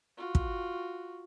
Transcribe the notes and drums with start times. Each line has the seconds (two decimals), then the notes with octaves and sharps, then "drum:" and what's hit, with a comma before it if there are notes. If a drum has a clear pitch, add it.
0.18 F4 F#4
0.35 drum: kick